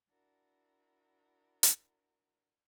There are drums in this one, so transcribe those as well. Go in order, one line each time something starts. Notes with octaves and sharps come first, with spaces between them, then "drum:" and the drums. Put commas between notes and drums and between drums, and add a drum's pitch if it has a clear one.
D4 E4 F#4 A#4
drum: hi-hat